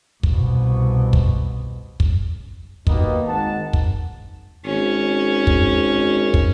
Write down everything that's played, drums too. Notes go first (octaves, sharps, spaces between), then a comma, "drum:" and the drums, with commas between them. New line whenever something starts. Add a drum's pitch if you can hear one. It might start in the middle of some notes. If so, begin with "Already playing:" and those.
C2 B2, drum: kick
drum: kick
drum: kick
D#2 B2 D#3 A#3 B3 D#4, drum: kick
G#1 G#2 D#3 F#5 A5
drum: kick
G#1 C#4
drum: kick
drum: kick